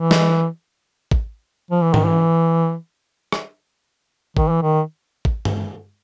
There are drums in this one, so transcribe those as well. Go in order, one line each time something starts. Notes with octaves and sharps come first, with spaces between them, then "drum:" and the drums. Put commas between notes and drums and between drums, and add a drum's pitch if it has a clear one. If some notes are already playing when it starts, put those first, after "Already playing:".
Already playing: E3
drum: snare
drum: kick
F3
E3
D#3, drum: tom G#2
E3
drum: rim click
D#3, drum: kick
E3
D#3
drum: kick
drum: tom G2